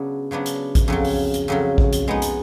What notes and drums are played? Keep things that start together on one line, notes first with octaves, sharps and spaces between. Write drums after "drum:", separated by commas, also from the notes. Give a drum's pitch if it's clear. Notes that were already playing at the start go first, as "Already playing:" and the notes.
Already playing: C#3 F#3 B3 D4
C#3 F#3 B3 D4
drum: hi-hat
drum: kick A1, hi-hat
F2 C#3 F#3
drum: open hi-hat
drum: hi-hat
F2 C#3 F#3
drum: kick A1
drum: hi-hat
G#3 B3 D#4
drum: hi-hat